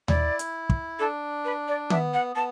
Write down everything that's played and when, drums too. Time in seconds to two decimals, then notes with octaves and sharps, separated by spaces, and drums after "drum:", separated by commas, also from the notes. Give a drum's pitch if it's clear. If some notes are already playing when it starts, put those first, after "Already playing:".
0.08 E4 D5, drum: tom D#2
0.39 drum: hi-hat
0.70 drum: kick
1.00 D4 A4
1.45 B4
1.68 D5
1.90 B3 E5, drum: tom D#3
2.14 F#5
2.36 B3 A5